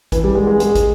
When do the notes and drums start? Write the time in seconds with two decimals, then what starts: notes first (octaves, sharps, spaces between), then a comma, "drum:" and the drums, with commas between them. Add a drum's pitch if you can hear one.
0.12 E3, drum: kick, hi-hat
0.24 G3
0.35 G#3
0.47 G#3
0.60 G#3, drum: hi-hat
0.75 drum: kick, hi-hat